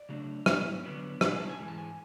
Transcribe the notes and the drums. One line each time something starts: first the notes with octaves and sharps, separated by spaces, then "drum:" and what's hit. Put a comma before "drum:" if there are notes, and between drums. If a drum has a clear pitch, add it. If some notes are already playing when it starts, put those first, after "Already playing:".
Already playing: D5
C#3 F#3 A3 D4
G#2 F#3 B3 E4 C#5, drum: rim click
D3 F#3 B3 D4
B2 G#3 C#4 E4 B4, drum: rim click
F#5
G#5
A5
G#5
G#2 E3 G#3
A5
G#5